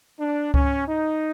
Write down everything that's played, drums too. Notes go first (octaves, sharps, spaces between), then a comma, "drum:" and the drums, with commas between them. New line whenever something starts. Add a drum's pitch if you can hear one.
D4
C#4, drum: kick C#2
D#4